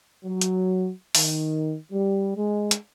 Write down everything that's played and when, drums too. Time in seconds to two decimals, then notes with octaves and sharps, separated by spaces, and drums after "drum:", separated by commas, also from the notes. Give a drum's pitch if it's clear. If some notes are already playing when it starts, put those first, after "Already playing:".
0.24 F#3
0.41 drum: hi-hat
1.15 D#3, drum: open hi-hat
1.92 G3
2.37 G#3
2.71 drum: hi-hat